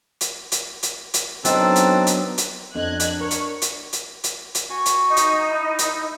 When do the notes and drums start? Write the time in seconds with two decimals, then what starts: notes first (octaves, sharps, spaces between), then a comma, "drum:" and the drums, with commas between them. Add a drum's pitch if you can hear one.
0.21 drum: hi-hat
0.52 drum: hi-hat
0.83 drum: hi-hat
1.14 drum: hi-hat
1.45 F#3 B3 C4 D4 D#4 A4, drum: hi-hat
1.76 drum: hi-hat
2.07 drum: hi-hat
2.38 drum: hi-hat
2.75 F2 D4 D#5 F#6 G#6
3.00 drum: hi-hat
3.20 A#4 C#5 C#6
3.31 drum: hi-hat
3.62 drum: hi-hat
3.93 drum: hi-hat
4.24 drum: hi-hat
4.55 drum: hi-hat
4.70 F#4 G#5 C#6
4.86 drum: hi-hat
5.07 D#4
5.17 drum: hi-hat
5.49 E4
5.79 drum: hi-hat